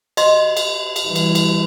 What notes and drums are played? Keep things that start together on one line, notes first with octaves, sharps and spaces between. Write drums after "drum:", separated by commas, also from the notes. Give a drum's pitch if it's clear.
D#5 C6, drum: cymbal
drum: cymbal
drum: cymbal
E3 G3
drum: cymbal
drum: cymbal